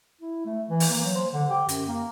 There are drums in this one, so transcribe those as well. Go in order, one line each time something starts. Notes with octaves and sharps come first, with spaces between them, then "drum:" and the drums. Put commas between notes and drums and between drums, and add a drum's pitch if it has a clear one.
E4
A3
E3
drum: open hi-hat
A#3
F#3
C5
D3
G4
F#2, drum: hi-hat
A#3